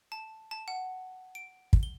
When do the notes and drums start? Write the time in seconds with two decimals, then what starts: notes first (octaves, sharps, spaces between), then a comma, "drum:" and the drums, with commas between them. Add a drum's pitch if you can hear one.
0.12 A5
0.51 A5
0.68 F#5
1.35 D7
1.73 drum: kick
1.83 G7